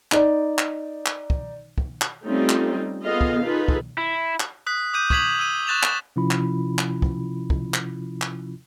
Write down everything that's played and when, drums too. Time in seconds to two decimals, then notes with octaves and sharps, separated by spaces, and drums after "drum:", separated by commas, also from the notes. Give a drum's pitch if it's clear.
0.12 D#4 D5, drum: clap
0.58 drum: clap
1.06 drum: clap
1.30 drum: kick
1.78 drum: kick
2.01 drum: clap
2.25 G3 A3 C4 C#4 D#4 F4
2.49 drum: clap
3.04 B3 F4 G#4 A4 D#5 F5
3.21 drum: kick
3.45 D#4 F4 G#4 A4 B4
3.68 drum: kick
3.98 E4
4.40 drum: clap
4.67 D#6 F#6 B6
4.93 D6 D#6 G6 D#7
5.10 C#6 D#6 G#6 B6 F7 F#7, drum: kick
5.39 E6 D#7
5.67 C#6 F#6 A6 E7 F7
5.83 drum: clap
6.16 C3 F3 C#4 E4 F4 B5
6.31 drum: clap
6.78 drum: clap
7.02 drum: kick
7.50 drum: kick
7.74 drum: clap
8.22 drum: clap